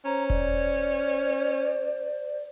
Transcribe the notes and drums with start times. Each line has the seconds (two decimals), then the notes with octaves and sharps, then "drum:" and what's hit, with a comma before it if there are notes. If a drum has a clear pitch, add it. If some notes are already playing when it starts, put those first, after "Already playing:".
0.05 C#4 C5 A#5
0.30 D5, drum: kick E1